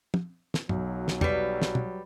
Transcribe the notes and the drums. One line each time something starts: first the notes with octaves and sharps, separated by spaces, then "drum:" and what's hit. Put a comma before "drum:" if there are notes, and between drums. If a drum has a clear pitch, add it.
drum: tom
drum: snare
B1 F#3, drum: tom
drum: snare
G3 B4, drum: tom
drum: snare
drum: tom